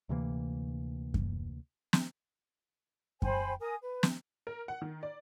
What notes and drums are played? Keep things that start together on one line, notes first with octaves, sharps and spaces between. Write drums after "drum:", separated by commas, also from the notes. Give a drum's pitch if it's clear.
D2 C3 E3 A#3
drum: kick F#2
drum: snare
C5 G5 G#5 B5, drum: kick F#2
A#4 G#5 D#6
B4
drum: snare
A#4
F#5
D#3
D5